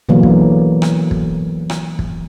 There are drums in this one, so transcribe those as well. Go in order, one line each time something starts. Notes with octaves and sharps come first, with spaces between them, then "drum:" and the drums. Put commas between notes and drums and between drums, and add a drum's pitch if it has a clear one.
B2 D3 E3 F#3 A#3
drum: kick
drum: rim click
drum: kick
drum: rim click
drum: kick